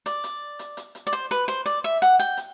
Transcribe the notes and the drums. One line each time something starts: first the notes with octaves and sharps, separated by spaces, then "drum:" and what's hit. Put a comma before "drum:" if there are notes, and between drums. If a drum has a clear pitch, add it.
D5, drum: hi-hat
drum: hi-hat
drum: hi-hat
drum: hi-hat
drum: hi-hat
D5
C5
B4, drum: hi-hat
C5, drum: hi-hat
D5, drum: hi-hat
E5
F#5, drum: hi-hat
G5, drum: hi-hat
drum: hi-hat